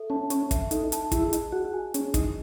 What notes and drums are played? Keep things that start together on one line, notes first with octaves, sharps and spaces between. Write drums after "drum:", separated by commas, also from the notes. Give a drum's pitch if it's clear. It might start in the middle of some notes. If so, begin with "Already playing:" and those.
Already playing: A4 E5
C#4 A5
C#4 C#6, drum: hi-hat
E5, drum: kick, hi-hat
D#4 A4, drum: hi-hat
A5, drum: hi-hat
E4 G#4, drum: kick, hi-hat
D#5, drum: hi-hat
F#4 G#4
G#5
C#4 G#4, drum: hi-hat
D#4 D#5, drum: kick, hi-hat